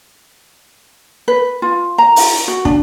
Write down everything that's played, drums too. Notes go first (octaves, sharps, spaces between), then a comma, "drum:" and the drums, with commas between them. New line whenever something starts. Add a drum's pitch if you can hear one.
B4
F4
A#5
drum: open hi-hat
F#4
D4, drum: kick